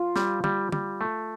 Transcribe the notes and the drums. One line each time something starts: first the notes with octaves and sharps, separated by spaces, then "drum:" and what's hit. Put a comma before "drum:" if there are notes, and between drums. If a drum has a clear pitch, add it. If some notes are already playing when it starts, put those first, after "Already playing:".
Already playing: F4
G3, drum: snare
G3, drum: tom
G3, drum: tom
A3